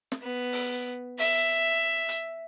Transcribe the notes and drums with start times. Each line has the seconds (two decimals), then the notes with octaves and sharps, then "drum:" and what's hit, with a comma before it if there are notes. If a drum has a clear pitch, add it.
0.12 drum: snare
0.23 B3
0.53 drum: open hi-hat
1.19 E5, drum: open hi-hat
2.09 drum: hi-hat